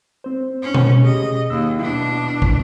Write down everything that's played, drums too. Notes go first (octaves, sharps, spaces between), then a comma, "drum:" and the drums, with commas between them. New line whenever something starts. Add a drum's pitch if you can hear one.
C4 C5
C#4
drum: tom B2
G4 G#4 D#5
D#2 E6
B2 D4 E4
drum: kick